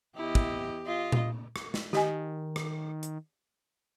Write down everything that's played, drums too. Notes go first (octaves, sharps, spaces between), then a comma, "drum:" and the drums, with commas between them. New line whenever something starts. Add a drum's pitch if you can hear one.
E2 E4 G4 D#5
drum: kick
F4 D#5
drum: tom A#2
drum: rim click
drum: snare
D#3 G4 D#5 G#5, drum: snare
drum: rim click
drum: hi-hat